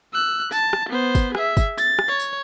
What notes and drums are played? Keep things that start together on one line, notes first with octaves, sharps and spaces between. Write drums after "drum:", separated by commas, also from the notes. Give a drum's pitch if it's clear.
E6 F#6
A5, drum: tambourine
drum: rim click
B3 C5
drum: kick, tambourine
G#4 E5, drum: rim click
drum: kick, tambourine
A6, drum: tambourine
drum: rim click
C#5
drum: tambourine